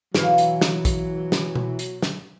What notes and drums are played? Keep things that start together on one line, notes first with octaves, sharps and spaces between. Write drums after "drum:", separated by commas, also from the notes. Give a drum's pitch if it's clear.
B2 E3 F#3 B4 F5, drum: snare
drum: hi-hat
drum: snare
drum: kick, hi-hat
drum: snare
drum: tom
drum: hi-hat
drum: snare